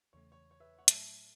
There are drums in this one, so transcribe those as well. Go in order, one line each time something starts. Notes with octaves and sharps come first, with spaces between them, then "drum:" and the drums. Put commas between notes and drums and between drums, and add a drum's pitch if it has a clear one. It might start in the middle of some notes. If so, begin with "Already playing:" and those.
E2 C#3 E3 A3 C#5
C#5
C#5
B4 E5
C#5 F#5
A2 F#3 A3 E5 A5, drum: hi-hat